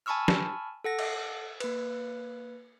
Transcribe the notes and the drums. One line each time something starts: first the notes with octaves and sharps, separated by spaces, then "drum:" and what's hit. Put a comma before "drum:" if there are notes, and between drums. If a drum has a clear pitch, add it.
G#5 A5 B5 C#6 E6 F6
drum: snare
A4 F#5 A#6
drum: cymbal
A#3 B4, drum: cymbal